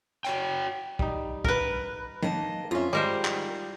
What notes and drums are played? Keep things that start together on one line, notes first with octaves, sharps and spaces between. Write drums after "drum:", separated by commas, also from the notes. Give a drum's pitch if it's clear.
F#4 C#5 G5, drum: hi-hat
G3 D#4, drum: kick
A#4 B4, drum: kick
D#3 A#3 D#5 A5, drum: tom F3
F2 C#4 F4 E5
G#2 D#3 G3 G#3 A#4 C5
drum: clap